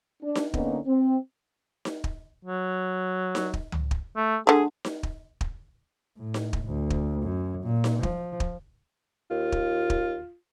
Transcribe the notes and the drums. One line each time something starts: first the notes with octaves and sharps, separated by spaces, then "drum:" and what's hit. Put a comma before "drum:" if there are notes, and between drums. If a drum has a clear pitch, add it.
D4
drum: snare D#4
D3 A#3 B3 C#4 D#4, drum: kick
C4
drum: snare D#4
drum: kick
F#3
drum: snare D#4
drum: kick
drum: tom C#2
drum: kick
A3
D3 A3 G#4
drum: snare D#4
drum: kick
drum: kick
A2
drum: snare D#4
drum: kick
D2
drum: kick
F#2
A#2
drum: snare D#4
F3, drum: kick
drum: kick
D#2 F4
drum: kick
drum: kick